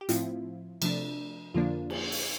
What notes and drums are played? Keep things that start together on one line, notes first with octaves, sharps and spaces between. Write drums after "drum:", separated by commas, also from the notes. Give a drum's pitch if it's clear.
G4
A2 F3 C4 E4 F4, drum: hi-hat
C3 F3 A3 D4, drum: cymbal
F2 D3 F3 A#3 D4 F4
drum: cymbal
drum: open hi-hat